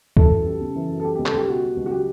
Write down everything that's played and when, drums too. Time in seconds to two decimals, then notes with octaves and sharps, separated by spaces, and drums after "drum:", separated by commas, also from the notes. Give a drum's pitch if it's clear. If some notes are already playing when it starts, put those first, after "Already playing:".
0.17 E3 A4, drum: kick C#2
0.31 F#2
0.46 G3
0.61 C#3
0.76 E3
0.90 F#2
1.00 A4
1.05 G3 G4
1.15 C#2 G4
1.26 A4, drum: clap
1.34 C#2 G4
1.49 B2 F#4
1.63 G3
1.76 C#2
1.86 F#4
1.91 F#3 G4